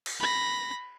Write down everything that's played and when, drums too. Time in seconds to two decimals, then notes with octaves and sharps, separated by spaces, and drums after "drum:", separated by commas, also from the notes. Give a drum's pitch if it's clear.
0.06 drum: cymbal
0.20 B5 A#6